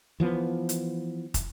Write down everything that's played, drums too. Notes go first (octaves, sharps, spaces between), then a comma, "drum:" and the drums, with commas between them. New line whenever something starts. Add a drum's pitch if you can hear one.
E3 F3 A3 B3
drum: hi-hat
drum: kick, hi-hat